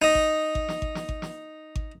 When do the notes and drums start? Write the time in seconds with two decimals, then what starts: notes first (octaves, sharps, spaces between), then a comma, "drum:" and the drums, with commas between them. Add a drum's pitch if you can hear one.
0.02 D#4 D#5
0.15 drum: kick G#1
0.55 drum: kick G#1
0.69 drum: snare
0.82 drum: kick G#1
0.95 drum: snare
1.09 drum: kick G#1
1.22 drum: snare
1.76 drum: kick G#1